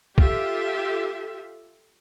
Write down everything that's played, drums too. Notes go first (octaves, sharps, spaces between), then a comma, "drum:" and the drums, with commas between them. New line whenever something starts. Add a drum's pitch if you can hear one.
F4 G4 A4 E5, drum: kick